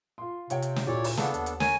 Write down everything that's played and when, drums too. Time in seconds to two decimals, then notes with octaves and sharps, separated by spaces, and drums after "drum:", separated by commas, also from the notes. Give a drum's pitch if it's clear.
0.18 F4 C6
0.50 C3 F4 C#5 G5, drum: hi-hat
0.62 drum: hi-hat
0.76 drum: snare
0.87 D2 A#2 E4 G4 C#5 D5
1.04 drum: open hi-hat
1.17 C#3 B3 D4 A4 F#5 A5, drum: snare
1.34 D#2, drum: hi-hat
1.46 drum: hi-hat
1.60 A#4 C#5 G#5, drum: snare